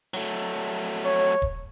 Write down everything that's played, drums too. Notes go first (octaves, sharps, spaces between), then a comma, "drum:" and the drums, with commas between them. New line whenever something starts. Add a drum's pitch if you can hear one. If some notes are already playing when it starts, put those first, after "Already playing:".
F#3 A3
C#5
drum: kick D#1